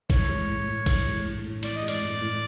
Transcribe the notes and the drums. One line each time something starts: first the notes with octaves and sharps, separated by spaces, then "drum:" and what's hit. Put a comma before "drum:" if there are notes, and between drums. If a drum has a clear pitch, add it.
E3 C#5, drum: kick, cymbal
G#3
A2
A2
E3, drum: kick, cymbal
G#3
A2
A2
E3 D5, drum: cymbal
D#5
G#3
D5, drum: cymbal
A2
A2